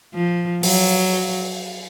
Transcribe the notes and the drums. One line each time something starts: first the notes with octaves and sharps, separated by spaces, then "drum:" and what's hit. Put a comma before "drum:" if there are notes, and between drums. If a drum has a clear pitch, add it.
F3
F#3, drum: open hi-hat